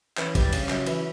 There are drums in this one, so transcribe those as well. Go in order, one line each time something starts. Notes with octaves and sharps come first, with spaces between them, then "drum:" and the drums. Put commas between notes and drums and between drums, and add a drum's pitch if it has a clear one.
E3 C#4, drum: clap
G3, drum: kick, cymbal
D4
C#3, drum: cymbal
C#4
F#2, drum: clap
E3, drum: cymbal